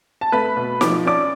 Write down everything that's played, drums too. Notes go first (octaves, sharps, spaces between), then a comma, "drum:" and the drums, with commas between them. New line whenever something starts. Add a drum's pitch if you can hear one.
A5
A3 B4 B5
B2
F3 D6, drum: snare
C#4 D5 D6